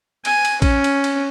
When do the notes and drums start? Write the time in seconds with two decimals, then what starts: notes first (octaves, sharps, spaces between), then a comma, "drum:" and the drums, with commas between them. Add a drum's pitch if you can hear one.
0.25 G#5, drum: cymbal
0.45 drum: cymbal
0.62 C#4, drum: kick A#1, cymbal
0.84 drum: cymbal
1.04 drum: cymbal